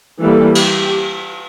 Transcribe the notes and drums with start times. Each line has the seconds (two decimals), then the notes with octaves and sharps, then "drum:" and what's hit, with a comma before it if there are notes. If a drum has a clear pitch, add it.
0.21 E3 G3 A#3 A4
0.55 G4, drum: cymbal